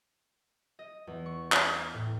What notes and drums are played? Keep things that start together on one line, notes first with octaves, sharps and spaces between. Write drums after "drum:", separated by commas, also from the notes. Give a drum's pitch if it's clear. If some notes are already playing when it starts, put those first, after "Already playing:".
D#5
E2
C#6
drum: clap
A2